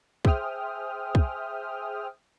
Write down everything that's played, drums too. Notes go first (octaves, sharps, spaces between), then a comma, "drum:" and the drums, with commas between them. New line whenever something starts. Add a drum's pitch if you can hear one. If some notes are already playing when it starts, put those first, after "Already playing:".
G#4 C5 E5 G5 D#6 F6, drum: kick
drum: kick